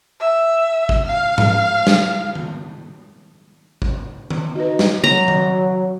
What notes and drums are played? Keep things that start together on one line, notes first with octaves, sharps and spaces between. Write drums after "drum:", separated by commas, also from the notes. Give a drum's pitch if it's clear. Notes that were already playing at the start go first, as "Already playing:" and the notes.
E5
drum: kick
F5
drum: tom G#2
drum: snare
drum: tom D#3
drum: kick
drum: tom D#3
D#4 F#4 B4
drum: snare
F#3 A#5
drum: tom D#3